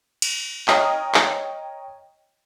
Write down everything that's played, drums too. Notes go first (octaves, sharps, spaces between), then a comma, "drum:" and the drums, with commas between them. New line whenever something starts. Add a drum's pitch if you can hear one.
drum: cymbal
C#5 D#5 G5 A#5 D#6 F6, drum: clap
drum: clap